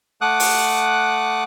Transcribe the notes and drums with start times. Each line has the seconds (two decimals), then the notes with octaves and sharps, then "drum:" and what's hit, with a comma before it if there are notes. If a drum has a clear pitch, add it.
0.21 A3 F#5 D6 D#6 F#6
0.40 drum: open hi-hat